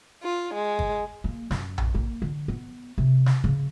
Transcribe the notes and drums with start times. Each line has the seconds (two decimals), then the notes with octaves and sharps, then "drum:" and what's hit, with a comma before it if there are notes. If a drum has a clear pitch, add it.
0.22 F4
0.54 G#3
0.79 drum: kick G1
1.24 A#3
1.51 F#2, drum: snare
1.78 drum: tom A#1
1.95 A#3
2.22 D3
2.48 B3
2.98 C3
3.26 drum: snare
3.44 C#3